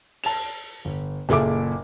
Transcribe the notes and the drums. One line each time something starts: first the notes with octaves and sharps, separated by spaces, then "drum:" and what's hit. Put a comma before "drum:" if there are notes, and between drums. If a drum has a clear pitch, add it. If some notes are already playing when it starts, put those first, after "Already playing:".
A5 F7, drum: open hi-hat
G1
F#1 A#2 G#4 A4 E5 D6, drum: snare